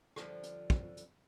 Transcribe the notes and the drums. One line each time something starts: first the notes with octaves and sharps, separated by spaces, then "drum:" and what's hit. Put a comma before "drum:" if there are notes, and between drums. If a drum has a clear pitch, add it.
D3 F3 G3, drum: rim click
drum: hi-hat
drum: kick
drum: hi-hat